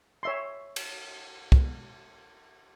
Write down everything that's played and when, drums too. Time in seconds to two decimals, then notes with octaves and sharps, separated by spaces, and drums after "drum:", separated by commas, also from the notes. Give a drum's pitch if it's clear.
0.23 C#5 E5 C6
0.76 drum: cymbal
1.52 drum: kick